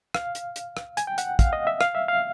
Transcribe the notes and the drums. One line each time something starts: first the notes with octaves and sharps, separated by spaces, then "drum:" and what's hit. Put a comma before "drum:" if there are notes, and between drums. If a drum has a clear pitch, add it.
F5, drum: rim click
drum: hi-hat
drum: hi-hat
drum: rim click
G#5, drum: hi-hat
G5
F#5, drum: hi-hat
F5, drum: kick, hi-hat
D#5
E5
F5, drum: rim click
E5
F5